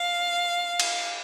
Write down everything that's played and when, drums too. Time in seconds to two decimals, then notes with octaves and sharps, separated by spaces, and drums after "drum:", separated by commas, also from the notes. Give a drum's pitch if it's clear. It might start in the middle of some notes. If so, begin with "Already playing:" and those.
Already playing: F5
0.80 drum: cymbal